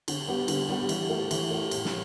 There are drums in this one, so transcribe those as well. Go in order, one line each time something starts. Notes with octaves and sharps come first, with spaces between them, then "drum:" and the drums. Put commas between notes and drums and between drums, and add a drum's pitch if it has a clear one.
D3, drum: cymbal
G3 B3 G4
D3, drum: cymbal
G3 B3 G4
E3, drum: cymbal
A3 G4
E3, drum: cymbal
A3 G4
A2, drum: cymbal
drum: snare